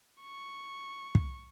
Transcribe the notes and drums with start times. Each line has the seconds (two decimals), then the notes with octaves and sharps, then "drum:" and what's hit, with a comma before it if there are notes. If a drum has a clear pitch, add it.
0.21 C#6
1.15 drum: kick